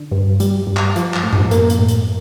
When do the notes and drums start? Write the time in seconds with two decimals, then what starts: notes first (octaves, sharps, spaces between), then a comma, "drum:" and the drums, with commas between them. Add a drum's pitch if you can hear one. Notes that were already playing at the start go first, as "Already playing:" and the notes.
Already playing: D3
0.11 G2
0.40 G3, drum: hi-hat
0.67 G2
0.77 drum: clap
0.96 F3, drum: hi-hat
1.14 drum: clap
1.23 A2
1.33 drum: tom F#2
1.51 A#3, drum: hi-hat
1.70 drum: hi-hat
1.79 A2
1.88 drum: hi-hat